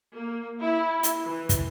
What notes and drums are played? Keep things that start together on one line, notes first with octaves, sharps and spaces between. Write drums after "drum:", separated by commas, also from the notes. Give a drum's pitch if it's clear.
A#3
E4
drum: hi-hat
E3
drum: kick, hi-hat